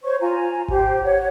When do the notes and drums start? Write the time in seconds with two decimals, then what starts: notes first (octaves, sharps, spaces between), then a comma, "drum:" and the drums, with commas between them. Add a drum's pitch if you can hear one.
0.03 C5 C#5 C#6
0.20 F4 G#5 A#5
0.68 G4 C5, drum: kick G#1
1.03 C#5 F#5